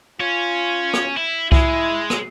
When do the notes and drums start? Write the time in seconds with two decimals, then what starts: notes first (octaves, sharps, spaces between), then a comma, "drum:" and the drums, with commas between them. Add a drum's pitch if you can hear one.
0.20 C#4 F4
0.93 drum: rim click
1.17 E4
1.52 G#3 E4 G#4, drum: kick C2
2.10 drum: rim click